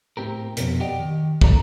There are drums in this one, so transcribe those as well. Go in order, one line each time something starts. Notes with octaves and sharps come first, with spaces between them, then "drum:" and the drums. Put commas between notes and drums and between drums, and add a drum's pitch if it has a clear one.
A2 C4 G4 A#4
F2 B2, drum: hi-hat
G4 D5 D#5 F#5 G5
D#3
F#2 A#2 A#3 A4 A#5, drum: kick